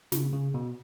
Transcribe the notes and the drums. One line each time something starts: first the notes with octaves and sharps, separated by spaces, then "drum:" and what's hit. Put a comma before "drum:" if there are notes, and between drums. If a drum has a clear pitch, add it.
C#3, drum: snare
C#3
B2